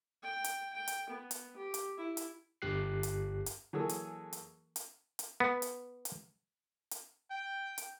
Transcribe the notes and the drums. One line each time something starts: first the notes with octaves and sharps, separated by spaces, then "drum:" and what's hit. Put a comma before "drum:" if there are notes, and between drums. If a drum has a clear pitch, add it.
G5
drum: hi-hat
G5
drum: hi-hat
B3
drum: hi-hat
G4
drum: hi-hat
E4
drum: hi-hat
G1 G2 G4 F#6 C7
drum: hi-hat
drum: hi-hat
E3 F#3 A#3 G#4 A4
drum: hi-hat
drum: hi-hat
drum: hi-hat
drum: hi-hat
B3
drum: hi-hat
drum: hi-hat
drum: hi-hat
G5
drum: hi-hat